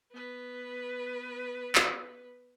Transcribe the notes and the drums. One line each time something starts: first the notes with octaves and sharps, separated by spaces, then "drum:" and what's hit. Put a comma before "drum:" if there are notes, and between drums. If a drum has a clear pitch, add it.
B3 B4
drum: clap